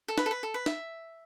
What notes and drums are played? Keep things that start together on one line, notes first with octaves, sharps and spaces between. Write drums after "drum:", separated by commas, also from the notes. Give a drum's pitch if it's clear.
A4
B4, drum: snare
A4
B4
A4
B4
E5, drum: snare